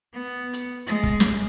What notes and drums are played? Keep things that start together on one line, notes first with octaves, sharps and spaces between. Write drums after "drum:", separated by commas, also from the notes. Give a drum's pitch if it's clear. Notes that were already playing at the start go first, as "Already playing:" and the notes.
B3
drum: hi-hat
G#3, drum: hi-hat
drum: kick
drum: snare